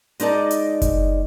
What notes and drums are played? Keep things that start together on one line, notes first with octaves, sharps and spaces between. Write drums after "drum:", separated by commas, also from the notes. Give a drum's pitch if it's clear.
G#3 D#4 D5 A5, drum: hi-hat
drum: hi-hat
drum: kick F#1, hi-hat